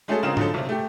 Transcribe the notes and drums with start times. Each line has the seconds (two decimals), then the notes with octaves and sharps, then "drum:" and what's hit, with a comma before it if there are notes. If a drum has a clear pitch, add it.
0.08 G#3 A3 C#4 F#4 G#4 A4
0.23 A#1 C#3 G#3 C4 A#4 E7
0.37 D3 F3 F#3 D#4 A4, drum: tom G#2
0.54 B1 C3
0.69 A3 G4